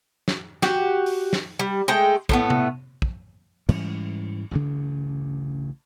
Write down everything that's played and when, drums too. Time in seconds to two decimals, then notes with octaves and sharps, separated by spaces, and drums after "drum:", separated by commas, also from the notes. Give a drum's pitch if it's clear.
0.28 drum: snare
0.62 F#4 G4, drum: snare
1.06 drum: open hi-hat
1.33 drum: snare
1.59 G3
1.88 G#3 A3 G5
2.29 A2 A3 B3, drum: kick
2.50 drum: tom C3
3.02 drum: kick
3.69 G#2 E3 G3 C#4, drum: cymbal
4.51 A1 D2 G2 C#3